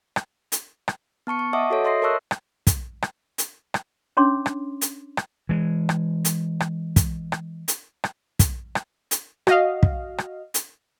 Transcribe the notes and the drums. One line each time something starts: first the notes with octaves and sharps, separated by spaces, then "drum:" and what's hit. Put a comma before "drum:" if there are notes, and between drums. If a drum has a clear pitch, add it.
drum: rim click
drum: hi-hat
drum: rim click
B3 A5 C#6 C#7
C#6
D#5 E5 F#5 A5 D6 D#6
F#4 A4 C#5
D#5 E5 C6 D#6 A#6 C7
A#4 C#5 A5 C#6 E6 F#6
drum: rim click
drum: kick, hi-hat
drum: rim click
drum: hi-hat
drum: rim click
C#4 D4 C#5 C6 D6
drum: rim click
drum: hi-hat
drum: rim click
E3 G#3
drum: rim click
drum: hi-hat
drum: rim click
drum: kick, hi-hat
drum: rim click
drum: hi-hat
drum: rim click
drum: kick, hi-hat
drum: rim click
drum: hi-hat
F#4 D#5 F5, drum: rim click
drum: kick
drum: rim click
drum: hi-hat